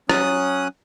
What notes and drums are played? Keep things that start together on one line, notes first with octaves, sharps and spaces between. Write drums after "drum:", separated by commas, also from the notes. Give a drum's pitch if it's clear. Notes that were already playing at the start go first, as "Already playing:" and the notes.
F#3 C#4 D#6 F#6, drum: rim click